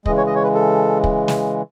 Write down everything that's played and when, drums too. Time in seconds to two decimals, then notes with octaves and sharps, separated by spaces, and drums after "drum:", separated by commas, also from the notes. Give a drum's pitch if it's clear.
0.06 C#3 E3 G#3 D#5, drum: kick
0.18 C#5
0.27 D#5
0.35 C#5
0.43 B4
0.54 A4
1.04 drum: kick
1.28 drum: snare